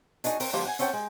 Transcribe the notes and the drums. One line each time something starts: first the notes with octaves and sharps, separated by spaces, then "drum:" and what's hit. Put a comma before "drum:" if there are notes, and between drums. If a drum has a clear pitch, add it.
D4 D#4 F#4 G#4, drum: hi-hat
C4 A#4, drum: open hi-hat
D3 F3 G3 A#3 F4 G4
F#5 G#5
C4 C#4 A4 F#5 G5, drum: hi-hat
G#3